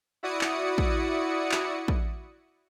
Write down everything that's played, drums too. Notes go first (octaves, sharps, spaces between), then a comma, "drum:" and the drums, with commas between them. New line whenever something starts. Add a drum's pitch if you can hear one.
E4 F#4 D5 D#6 C#7
drum: clap
drum: kick
drum: clap
drum: kick